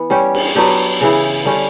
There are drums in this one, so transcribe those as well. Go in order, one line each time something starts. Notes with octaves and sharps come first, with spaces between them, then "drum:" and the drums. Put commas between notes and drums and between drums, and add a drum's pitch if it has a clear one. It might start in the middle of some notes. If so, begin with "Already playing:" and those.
Already playing: E3 B3 B4
G3 C#4 G4 C#5
drum: cymbal
F#3 B3 D4 G4
C#3 E3 B3 E4
D3 G3 C#4 G4